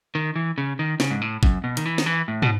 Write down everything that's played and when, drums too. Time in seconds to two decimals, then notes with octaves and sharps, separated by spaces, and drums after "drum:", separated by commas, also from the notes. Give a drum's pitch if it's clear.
0.15 D#3
0.36 E3
0.58 C#3
0.79 D#3
1.00 C#3, drum: snare
1.11 G#2
1.22 A2
1.43 F#2, drum: kick
1.64 B2
1.77 D#3, drum: hi-hat
1.85 E3
1.98 D#3, drum: snare
2.06 E3
2.28 A2
2.42 B2, drum: tom